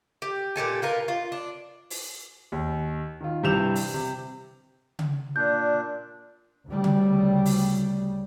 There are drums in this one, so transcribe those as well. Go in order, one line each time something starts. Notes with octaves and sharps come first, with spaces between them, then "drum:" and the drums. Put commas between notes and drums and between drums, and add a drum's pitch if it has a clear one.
G4
A#2 G4 A4 G#5
F4 A#4 B4
F4
D4
drum: open hi-hat
D#2
D#3 F4
G2 C3 E3 G6 E7 F7
drum: open hi-hat
C3
drum: tom C#3
A#2 D4 G6
D2 C#3 G3
drum: tom C#3
drum: open hi-hat